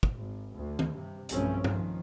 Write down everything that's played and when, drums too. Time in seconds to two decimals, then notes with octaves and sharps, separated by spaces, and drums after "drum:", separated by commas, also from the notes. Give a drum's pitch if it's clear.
0.03 drum: kick
0.16 G#1
0.55 D2
0.79 drum: tom
0.94 G2 C3
1.29 B1 G2 F3 A3 C4 C#4, drum: hi-hat
1.64 D#3 F3, drum: tom G2